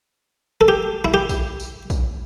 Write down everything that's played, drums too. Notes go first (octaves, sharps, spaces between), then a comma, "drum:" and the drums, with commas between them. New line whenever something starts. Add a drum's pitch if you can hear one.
A4
G4
E4
G4
drum: kick, tambourine
drum: tambourine
drum: kick, tambourine